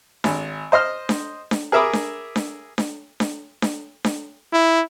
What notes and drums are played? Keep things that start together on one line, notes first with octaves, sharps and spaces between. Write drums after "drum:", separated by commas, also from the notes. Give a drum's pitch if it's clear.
G#1, drum: snare D4
C5 D#5 C6 F6
drum: snare D4
drum: snare D4
G#4 A#4 E5 B5 D6 D#6
drum: snare D4
drum: snare D4
drum: snare D4
drum: snare D4
drum: snare D4
drum: snare D4
E4